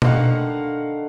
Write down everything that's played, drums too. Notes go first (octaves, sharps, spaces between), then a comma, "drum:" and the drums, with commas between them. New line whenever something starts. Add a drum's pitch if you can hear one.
D3 D#3 F5 F#5, drum: tom B2